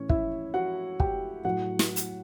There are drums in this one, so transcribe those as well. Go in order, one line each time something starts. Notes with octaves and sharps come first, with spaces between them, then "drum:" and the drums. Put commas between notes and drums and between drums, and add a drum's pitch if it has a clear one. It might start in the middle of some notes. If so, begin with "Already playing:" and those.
Already playing: A2 E3 C#4 C#5
E4 E5, drum: kick
F#4 F#5
G4 G5, drum: kick
A2 F#3 F#4 F#5
drum: snare
drum: hi-hat